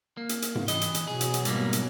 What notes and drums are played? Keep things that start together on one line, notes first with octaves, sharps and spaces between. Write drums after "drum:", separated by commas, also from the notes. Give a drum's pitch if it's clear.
A#3
drum: hi-hat
drum: hi-hat
drum: tom G#2
E3 D#5, drum: hi-hat
drum: hi-hat
drum: hi-hat
B2 F#3 G#4
drum: hi-hat
drum: hi-hat
G#2 G3 A#3, drum: hi-hat
drum: hi-hat